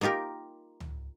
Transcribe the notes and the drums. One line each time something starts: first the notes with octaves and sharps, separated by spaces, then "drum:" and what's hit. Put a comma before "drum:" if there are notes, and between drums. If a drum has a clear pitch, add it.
A#3 D#4 F4 G4 A#4
drum: tom C#2